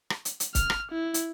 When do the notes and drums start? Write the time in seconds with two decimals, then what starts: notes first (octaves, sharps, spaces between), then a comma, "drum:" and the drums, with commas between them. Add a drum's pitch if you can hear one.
0.10 drum: rim click
0.25 drum: hi-hat
0.40 drum: hi-hat
0.55 F6, drum: kick, hi-hat
0.70 drum: rim click
0.91 E4
1.14 drum: hi-hat